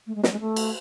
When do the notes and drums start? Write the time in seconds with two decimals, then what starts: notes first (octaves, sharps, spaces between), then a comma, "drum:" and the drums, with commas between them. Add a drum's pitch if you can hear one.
0.06 A3
0.15 G#3
0.23 F#3, drum: snare
0.32 G#3
0.40 A3
0.56 drum: cymbal